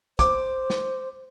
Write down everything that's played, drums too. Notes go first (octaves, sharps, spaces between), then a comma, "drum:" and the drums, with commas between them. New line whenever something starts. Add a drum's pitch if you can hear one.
C5 D6, drum: kick, hi-hat
drum: snare